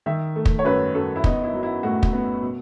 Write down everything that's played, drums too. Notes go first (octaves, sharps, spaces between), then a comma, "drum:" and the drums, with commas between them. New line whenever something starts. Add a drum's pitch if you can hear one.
D#3 E5
A3
drum: kick
C#5
F#2 B4
F#2 A4
E4
B3 D#4, drum: kick
E4
F#3
E4
A2 F#4
drum: kick
B3
B2